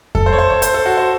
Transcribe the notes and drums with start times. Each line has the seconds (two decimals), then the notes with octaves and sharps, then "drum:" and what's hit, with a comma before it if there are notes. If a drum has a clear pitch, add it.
0.15 A4, drum: kick F2
0.26 C5
0.33 C#5
0.38 C5
0.50 C#5
0.62 C5, drum: hi-hat
0.74 A4
0.86 F#4
0.98 C5